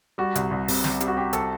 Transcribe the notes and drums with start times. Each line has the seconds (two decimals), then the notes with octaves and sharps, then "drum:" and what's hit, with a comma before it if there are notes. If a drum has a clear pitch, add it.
0.18 G3 F#4
0.35 C2, drum: hi-hat
0.51 C2
0.68 C3, drum: open hi-hat
0.84 G3, drum: snare
1.01 G3, drum: hi-hat
1.08 F#4
1.17 G3 G4
1.33 C3 A4, drum: hi-hat